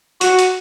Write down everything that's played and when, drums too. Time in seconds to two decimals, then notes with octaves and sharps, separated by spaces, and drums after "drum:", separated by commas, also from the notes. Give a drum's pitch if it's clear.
0.21 F#4, drum: hi-hat
0.39 drum: hi-hat